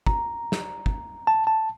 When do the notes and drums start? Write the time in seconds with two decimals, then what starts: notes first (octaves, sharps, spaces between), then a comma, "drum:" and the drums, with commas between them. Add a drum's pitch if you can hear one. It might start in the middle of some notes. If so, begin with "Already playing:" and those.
0.06 A#5, drum: kick
0.52 drum: snare
0.86 drum: kick
1.27 A5
1.47 A5